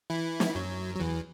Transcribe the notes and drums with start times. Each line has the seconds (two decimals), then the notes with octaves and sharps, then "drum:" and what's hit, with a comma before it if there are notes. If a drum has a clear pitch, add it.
0.10 E3 E4
0.40 drum: snare
0.50 E3
0.55 F#2 F#3
0.95 F#3
1.00 E2 E3